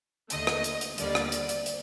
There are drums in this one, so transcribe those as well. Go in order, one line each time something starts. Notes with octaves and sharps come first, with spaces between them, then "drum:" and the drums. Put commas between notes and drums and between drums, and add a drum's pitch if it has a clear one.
D#2 D3 A3 D#5, drum: hi-hat
drum: rim click
drum: hi-hat
drum: hi-hat
D#2 D3 G3 A#3 D5, drum: hi-hat
drum: rim click
drum: hi-hat
drum: hi-hat
drum: hi-hat